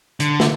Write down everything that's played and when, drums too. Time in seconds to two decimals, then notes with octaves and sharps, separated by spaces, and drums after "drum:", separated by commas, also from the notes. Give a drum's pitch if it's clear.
0.20 D3, drum: hi-hat
0.40 drum: snare